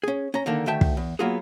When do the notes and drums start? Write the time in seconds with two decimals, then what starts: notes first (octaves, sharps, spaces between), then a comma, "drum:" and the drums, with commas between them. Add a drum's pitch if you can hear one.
0.03 C#4 G#4
0.34 C#4 A#5
0.46 D3 D#3 A#3 D4
0.66 D2 D#3 A3 E5 G5 A5
0.81 drum: kick
0.97 E2
1.19 F#3 A#3 B3 F4 F#4 G#4